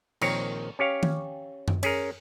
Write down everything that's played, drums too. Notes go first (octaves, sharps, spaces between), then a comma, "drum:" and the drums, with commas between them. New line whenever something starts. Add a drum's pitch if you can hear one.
A#1 A#2 D#3 C4 A#4 C#5, drum: cymbal
C#4 G4 C#5 F5
drum: tom D#3
drum: tom F#2
C#4 G#4 A#4, drum: cymbal